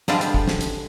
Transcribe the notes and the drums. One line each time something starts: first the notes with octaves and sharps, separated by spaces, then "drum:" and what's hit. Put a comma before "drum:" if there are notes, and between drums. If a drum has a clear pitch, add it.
D3 F3 G3 G#3 D4 F4, drum: snare
drum: hi-hat
drum: kick
drum: snare
drum: hi-hat